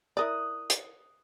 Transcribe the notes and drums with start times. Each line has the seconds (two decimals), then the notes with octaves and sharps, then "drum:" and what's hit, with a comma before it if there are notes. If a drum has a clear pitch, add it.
0.17 E4 A#4 D5 D#6 F#6
0.70 drum: hi-hat